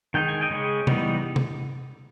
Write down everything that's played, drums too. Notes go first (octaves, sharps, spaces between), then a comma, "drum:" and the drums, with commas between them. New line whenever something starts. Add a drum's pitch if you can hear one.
D#3 G#3 D#4 G5
G#5
D#5 G5
C#3 G#3 C#4
E3 G3 B3 D#4, drum: tom C3
drum: tom C3